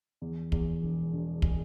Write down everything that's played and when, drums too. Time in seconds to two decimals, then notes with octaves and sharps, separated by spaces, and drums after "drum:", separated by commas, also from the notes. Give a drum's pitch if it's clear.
0.22 E2
0.52 E2, drum: kick
0.82 E1
1.13 E1
1.42 G#3, drum: kick